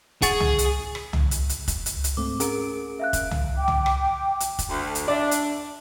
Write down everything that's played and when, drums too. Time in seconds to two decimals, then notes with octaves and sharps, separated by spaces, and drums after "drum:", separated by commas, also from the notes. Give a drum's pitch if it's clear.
0.22 G#4 F#5 C#6 A6, drum: kick, hi-hat
0.40 drum: tom
0.59 drum: hi-hat
0.95 drum: rim click
1.13 C#2, drum: tom
1.31 drum: hi-hat
1.49 drum: hi-hat
1.68 drum: kick, hi-hat
1.86 drum: hi-hat
2.04 drum: hi-hat
2.17 G#2 A3 C4 D6
2.40 C#4 G#4 A#4 D7, drum: hi-hat
2.99 E5 F5 F#6
3.13 drum: kick, hi-hat
3.31 drum: tom
3.57 G5 D6
3.68 drum: tom
3.86 drum: rim click
4.40 drum: hi-hat
4.59 drum: kick, hi-hat
4.70 D2
4.95 drum: hi-hat
5.08 D4 D5 E5
5.31 drum: hi-hat